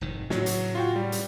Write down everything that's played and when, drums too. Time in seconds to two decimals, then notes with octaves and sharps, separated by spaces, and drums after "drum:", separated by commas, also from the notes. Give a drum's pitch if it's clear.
0.01 F1 G#2 D#3
0.30 A2 C#3 F#3 F#4, drum: snare
0.46 drum: hi-hat
0.75 F4 F#4 G5
0.96 G3
1.12 drum: hi-hat